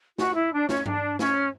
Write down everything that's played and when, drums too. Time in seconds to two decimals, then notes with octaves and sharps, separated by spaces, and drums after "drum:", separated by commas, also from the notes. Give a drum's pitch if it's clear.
0.18 F#4, drum: snare
0.35 E4
0.52 D4
0.69 C#4, drum: snare
0.86 D4, drum: tom G2
1.19 C#4, drum: snare